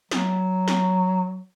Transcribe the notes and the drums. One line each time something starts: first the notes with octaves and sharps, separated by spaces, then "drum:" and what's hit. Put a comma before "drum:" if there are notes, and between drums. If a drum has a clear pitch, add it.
F#3, drum: snare
drum: snare